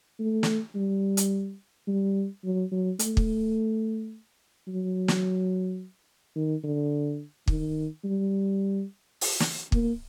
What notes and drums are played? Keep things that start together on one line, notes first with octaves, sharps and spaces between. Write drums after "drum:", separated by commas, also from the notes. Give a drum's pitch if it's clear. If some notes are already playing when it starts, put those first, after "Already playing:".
A3
drum: snare
G3
drum: hi-hat
G3
F#3
F#3
A3, drum: hi-hat
drum: kick
F#3
drum: snare
D#3
D3
D#3, drum: kick
G3
drum: open hi-hat
drum: snare
A#3, drum: kick